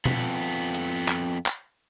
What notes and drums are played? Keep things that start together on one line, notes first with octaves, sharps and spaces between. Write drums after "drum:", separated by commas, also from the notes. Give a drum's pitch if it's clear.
F2 B3, drum: tom B2
drum: hi-hat
drum: clap
drum: clap